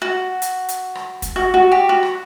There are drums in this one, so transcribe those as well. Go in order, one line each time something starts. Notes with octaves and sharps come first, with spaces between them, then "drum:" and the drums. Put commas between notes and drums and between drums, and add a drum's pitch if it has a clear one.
F#4
drum: hi-hat
drum: hi-hat
drum: rim click
drum: kick, hi-hat
F#4
F#4
G4
F#4
drum: rim click